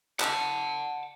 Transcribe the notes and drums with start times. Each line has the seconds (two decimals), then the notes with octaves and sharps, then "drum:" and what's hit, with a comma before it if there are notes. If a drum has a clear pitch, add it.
0.20 F#5 A5, drum: clap